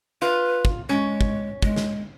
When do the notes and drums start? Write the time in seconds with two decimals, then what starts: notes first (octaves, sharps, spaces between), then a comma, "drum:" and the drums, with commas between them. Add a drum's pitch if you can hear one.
0.22 F4 B4
0.65 drum: kick
0.89 G#3 C#4
1.21 drum: kick
1.62 G#3, drum: kick
1.76 drum: snare